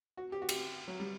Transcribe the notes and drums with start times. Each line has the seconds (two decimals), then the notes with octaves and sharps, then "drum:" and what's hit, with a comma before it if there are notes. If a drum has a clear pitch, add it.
0.17 F#4
0.32 G4
0.42 F#4
0.49 G4, drum: cymbal
0.88 F#3
1.00 G3